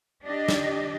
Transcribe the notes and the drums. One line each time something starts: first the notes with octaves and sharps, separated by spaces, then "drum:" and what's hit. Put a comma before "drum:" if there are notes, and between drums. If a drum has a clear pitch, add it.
D4 G4 D#5
drum: snare